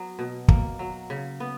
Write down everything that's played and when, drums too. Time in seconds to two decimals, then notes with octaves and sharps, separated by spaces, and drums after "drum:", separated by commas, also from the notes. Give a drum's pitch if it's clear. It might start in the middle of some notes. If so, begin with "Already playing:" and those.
Already playing: F#3 B3
0.19 B2
0.48 A#3, drum: kick
0.79 F#3
1.10 C#3
1.40 B3